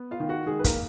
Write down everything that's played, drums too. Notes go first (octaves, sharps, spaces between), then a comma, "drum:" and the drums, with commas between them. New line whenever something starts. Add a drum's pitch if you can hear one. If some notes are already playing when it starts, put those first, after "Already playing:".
Already playing: B3
F4 F5
D#3
F#4 F#5
D#3 G#3 G#4
B4
A#3 A#4, drum: kick, hi-hat